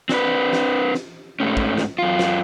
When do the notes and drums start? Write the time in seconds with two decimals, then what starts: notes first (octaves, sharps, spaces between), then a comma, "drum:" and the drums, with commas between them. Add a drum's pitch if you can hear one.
0.09 C4 D4 B4, drum: snare
0.53 drum: snare
0.94 drum: snare
1.40 G#2 A3 C#4
1.57 drum: kick
1.78 drum: snare
1.98 F#2 F4
2.19 drum: snare